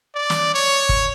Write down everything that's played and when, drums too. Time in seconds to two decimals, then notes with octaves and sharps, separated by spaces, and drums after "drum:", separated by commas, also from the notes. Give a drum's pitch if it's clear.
0.15 D5
0.30 drum: snare
0.54 C#5
0.89 drum: kick